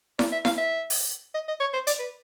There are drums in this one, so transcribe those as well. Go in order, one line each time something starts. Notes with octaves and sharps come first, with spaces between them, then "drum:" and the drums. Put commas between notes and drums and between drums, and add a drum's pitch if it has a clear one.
D5, drum: snare E4
E5
F5, drum: snare E4
E5
drum: open hi-hat
D#5
D#5
C#5
C5
D5, drum: hi-hat
B4